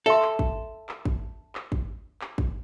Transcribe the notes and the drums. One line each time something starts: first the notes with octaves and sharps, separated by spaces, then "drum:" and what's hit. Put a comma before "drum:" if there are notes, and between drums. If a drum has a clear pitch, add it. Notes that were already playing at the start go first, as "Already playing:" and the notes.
A4 E5 F5 C6
drum: clap
drum: kick
drum: clap
drum: kick
drum: clap
drum: kick
drum: clap
drum: kick